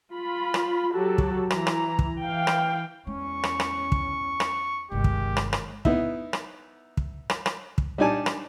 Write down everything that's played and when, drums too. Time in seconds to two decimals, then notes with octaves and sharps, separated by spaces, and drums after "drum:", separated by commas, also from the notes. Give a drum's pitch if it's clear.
0.12 F4 B5
0.54 drum: rim click
0.92 F#3 F#4 G4 A4
1.18 drum: kick
1.50 E3 A#5, drum: rim click
1.67 drum: rim click
1.99 drum: kick
2.21 E3 F5 G5
2.47 drum: rim click
3.07 E2 G#3 C#4 C#6
3.43 drum: rim click
3.60 drum: rim click
3.92 drum: kick
4.40 drum: rim click
4.92 G1 C3 D#3 G#3 G4
5.04 drum: kick
5.37 drum: rim click
5.53 drum: rim click
5.85 B3 D#4 E4, drum: kick
6.33 drum: rim click
6.97 drum: kick
7.30 drum: rim click
7.46 drum: rim click
7.78 drum: kick
7.98 G3 D4 D#4 D5 G#5 A5
8.26 drum: rim click